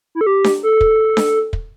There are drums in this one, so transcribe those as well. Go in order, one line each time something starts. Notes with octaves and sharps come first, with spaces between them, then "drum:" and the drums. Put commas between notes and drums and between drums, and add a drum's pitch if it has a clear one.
E4
A4
G4
drum: snare D4
A4
drum: kick
drum: snare D4
drum: kick